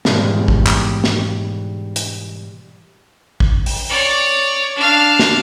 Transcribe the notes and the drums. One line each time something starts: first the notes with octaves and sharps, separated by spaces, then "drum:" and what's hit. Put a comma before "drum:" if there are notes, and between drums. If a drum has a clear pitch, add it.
G#2 B2 E3 G3 G#3 A#3, drum: snare
drum: kick
drum: clap
drum: snare
drum: hi-hat
drum: kick
drum: open hi-hat
C#5 D5
D4 F5
drum: snare